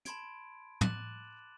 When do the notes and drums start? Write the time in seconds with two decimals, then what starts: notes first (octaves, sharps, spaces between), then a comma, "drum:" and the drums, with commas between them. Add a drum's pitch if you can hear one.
0.05 A5 B5 C6 G#6 D7, drum: hi-hat
0.81 D6 F#6 A6 D#7 E7 F#7, drum: tom